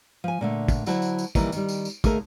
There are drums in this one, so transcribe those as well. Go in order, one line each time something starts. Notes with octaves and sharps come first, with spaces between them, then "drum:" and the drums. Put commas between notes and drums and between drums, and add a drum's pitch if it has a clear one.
F3 G#5
A#2 D3 A3
drum: kick, tambourine
D3 F#3 E4 F#4 C5 A5, drum: tambourine
drum: tambourine
drum: tambourine
D#3 E3 G3 A#3, drum: kick, tambourine
D#3 G3, drum: tambourine
drum: tambourine
drum: tambourine
D#2 A3 G#4 A#4, drum: kick, tambourine